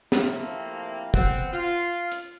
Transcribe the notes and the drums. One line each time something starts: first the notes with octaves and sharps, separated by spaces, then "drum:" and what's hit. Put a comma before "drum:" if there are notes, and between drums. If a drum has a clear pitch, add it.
C3 F3 A3 A#3 C4 E4, drum: snare
B3 C4 F#5, drum: kick
F4
drum: hi-hat